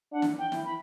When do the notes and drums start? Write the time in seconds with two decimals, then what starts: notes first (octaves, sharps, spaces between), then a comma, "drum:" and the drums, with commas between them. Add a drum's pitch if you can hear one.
0.12 D4 F#5
0.22 drum: snare
0.38 G5
0.52 E4, drum: snare
0.65 B5